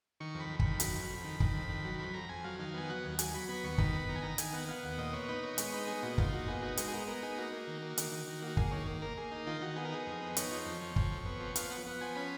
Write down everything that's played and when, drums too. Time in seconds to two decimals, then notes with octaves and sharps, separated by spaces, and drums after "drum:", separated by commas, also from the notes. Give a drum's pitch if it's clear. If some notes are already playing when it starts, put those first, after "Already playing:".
0.20 D#3 C#6
0.35 F2 B5
0.50 F2
0.59 B5, drum: kick
0.65 D#3
0.80 F#3, drum: hi-hat
0.95 F2
1.10 F2
1.24 D#3
1.40 D#3, drum: kick
1.54 F2
1.69 D#3
1.85 F#3
1.99 F2 B5
2.14 F2 A#5
2.29 F2 G#5
2.44 F#3 F5
2.59 D#3 F5
2.74 B3 G#5
2.89 F#3 F#5
3.04 D#2
3.19 F#3 G#5, drum: hi-hat
3.34 F#3 B5
3.48 B3 B5
3.64 D#2 C#6
3.78 D#3 B5, drum: kick
3.94 B3
4.09 D#3 A#5
4.16 G#5
4.22 D#3 A#5
4.38 D#3 G#5, drum: hi-hat
4.53 B3 F#5
4.68 B3 F5
4.83 D#2 F#5
4.98 A#2 D#5
5.13 B3 C#5
5.29 D#4 B4
5.43 B3 C#5
5.58 G#3 C#5, drum: hi-hat
5.72 D#4 B4
5.87 B3 G#4
6.03 A#2 F#4
6.18 D#4 F4, drum: kick
6.33 A#2 F#4
6.48 B3 G#4
6.62 D#4 F#4
6.77 G#3 F#4, drum: hi-hat
6.88 G#4
6.93 B3 A#4
7.07 B3 A#4
7.23 D#4 G#4
7.38 A#3 F#4
7.52 A#3
7.67 D#3
7.82 A#3
7.98 D#3, drum: hi-hat
8.12 D#3
8.27 D#3
8.42 A#3
8.47 F#4
8.57 A#3 G#4, drum: kick
8.72 D#3 C#5
8.87 A#3
9.02 A#3 A#4
9.17 A#3 G#4
9.32 D#4
9.47 D#3 F4
9.61 D#3 F#4
9.76 B3 G#4
9.85 A#4
9.92 D#4 G#4
10.07 F2
10.22 B3
10.37 D#4 C#5, drum: hi-hat
10.51 F3
10.66 F2
10.82 F3
10.96 F2, drum: kick
11.11 F2
11.26 B3
11.40 F3
11.56 B3 F5, drum: hi-hat
11.70 B3 F#5
11.86 B3 F#5
12.01 F3 G#5
12.16 C#4 B5